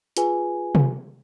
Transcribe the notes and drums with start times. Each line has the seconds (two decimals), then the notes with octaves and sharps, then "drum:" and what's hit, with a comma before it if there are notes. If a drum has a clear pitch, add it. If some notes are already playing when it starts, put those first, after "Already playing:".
0.17 F4 G#4 B4 G#5, drum: hi-hat
0.75 drum: tom C3